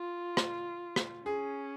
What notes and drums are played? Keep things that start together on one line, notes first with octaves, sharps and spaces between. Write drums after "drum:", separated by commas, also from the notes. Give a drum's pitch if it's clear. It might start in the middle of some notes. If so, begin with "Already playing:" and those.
Already playing: F4
drum: rim click
drum: rim click
C#4 G#4